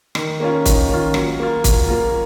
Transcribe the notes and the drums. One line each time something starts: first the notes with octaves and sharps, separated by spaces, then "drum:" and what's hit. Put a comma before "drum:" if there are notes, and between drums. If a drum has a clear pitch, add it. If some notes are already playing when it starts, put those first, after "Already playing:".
D#3, drum: rim click
A#3 C#4 F4
D#3, drum: kick, hi-hat
A#3 C#4 F4
F#3, drum: rim click
A#3 F4
F#3, drum: kick, hi-hat
A#3 F4